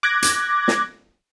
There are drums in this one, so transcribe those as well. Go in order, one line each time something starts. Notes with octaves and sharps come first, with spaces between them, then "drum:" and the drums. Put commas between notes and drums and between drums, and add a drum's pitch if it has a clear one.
D6 F#6 G#6 A#6
drum: hi-hat
drum: snare